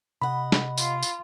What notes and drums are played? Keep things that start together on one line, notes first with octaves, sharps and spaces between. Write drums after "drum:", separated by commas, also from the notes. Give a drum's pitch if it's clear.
C3 D#5 F#5 B5
drum: snare
F4, drum: tambourine
drum: tambourine